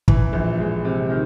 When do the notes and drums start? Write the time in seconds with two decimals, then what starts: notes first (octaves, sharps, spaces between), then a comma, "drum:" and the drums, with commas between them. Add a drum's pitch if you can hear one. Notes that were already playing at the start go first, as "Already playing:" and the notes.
0.08 E3, drum: kick
0.33 A#1
0.59 G#3
0.85 C3
1.10 D#3